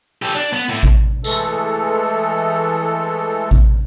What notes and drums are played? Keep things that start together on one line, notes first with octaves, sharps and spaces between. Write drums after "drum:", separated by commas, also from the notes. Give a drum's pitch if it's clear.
G4 A4
D4
B3
A2
drum: kick A1
E3 G#3 A3 A4, drum: tambourine
drum: kick A1